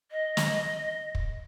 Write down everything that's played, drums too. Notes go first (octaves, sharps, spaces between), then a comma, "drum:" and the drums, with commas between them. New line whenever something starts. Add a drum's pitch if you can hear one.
D#5
drum: snare
drum: kick